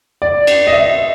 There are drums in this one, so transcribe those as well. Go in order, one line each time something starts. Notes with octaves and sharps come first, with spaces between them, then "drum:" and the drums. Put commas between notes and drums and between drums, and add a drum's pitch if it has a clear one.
D5
drum: cymbal
D#5
E5